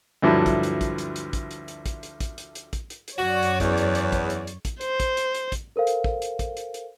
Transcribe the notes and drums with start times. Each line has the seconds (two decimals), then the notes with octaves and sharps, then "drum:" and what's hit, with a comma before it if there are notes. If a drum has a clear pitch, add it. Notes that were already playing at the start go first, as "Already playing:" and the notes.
0.22 D2 G2 F3 F#3 E4 A5
0.46 drum: kick, hi-hat
0.63 drum: hi-hat
0.81 drum: kick, hi-hat
0.98 drum: hi-hat
1.16 drum: hi-hat
1.33 drum: kick, hi-hat
1.51 drum: hi-hat
1.68 drum: hi-hat
1.86 drum: kick, hi-hat
2.03 drum: hi-hat
2.20 drum: kick, hi-hat
2.38 drum: hi-hat
2.55 drum: hi-hat
2.73 drum: kick, hi-hat
2.90 drum: hi-hat
3.08 drum: hi-hat
3.17 F#2 F#4 C#5 D5
3.43 drum: hi-hat
3.60 E2, drum: kick, hi-hat
3.78 drum: hi-hat
3.95 drum: hi-hat
4.12 drum: kick, hi-hat
4.30 drum: hi-hat
4.47 drum: hi-hat
4.65 drum: kick, hi-hat
4.81 C5, drum: hi-hat
5.00 drum: kick, hi-hat
5.17 drum: hi-hat
5.35 drum: hi-hat
5.52 drum: kick, hi-hat
5.76 A4 A#4 C5 F5
5.87 drum: hi-hat
6.04 drum: kick
6.22 drum: hi-hat
6.39 drum: kick, hi-hat
6.57 drum: hi-hat
6.74 drum: hi-hat